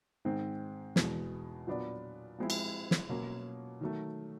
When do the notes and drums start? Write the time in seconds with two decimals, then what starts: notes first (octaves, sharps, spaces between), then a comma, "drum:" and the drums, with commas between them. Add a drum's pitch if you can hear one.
0.25 G#2 D#3 G#3 C4
0.96 E2 B2 G#3, drum: snare
1.67 A#2 F#3 B3 D4
2.38 F3 G#3 C4 E4
2.50 drum: cymbal
2.91 drum: snare
3.09 B2 F#3 A#3 C#4
3.81 D#3 F#3 A3